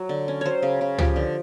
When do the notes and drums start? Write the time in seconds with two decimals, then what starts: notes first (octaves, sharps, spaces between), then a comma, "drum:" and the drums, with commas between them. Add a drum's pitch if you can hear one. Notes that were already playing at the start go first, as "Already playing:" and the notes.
Already playing: F#3
0.09 D3
0.28 C#4
0.41 F#3 C5 C#5
0.62 C#3
0.81 C#3
0.98 F3 G4, drum: tom
1.16 D3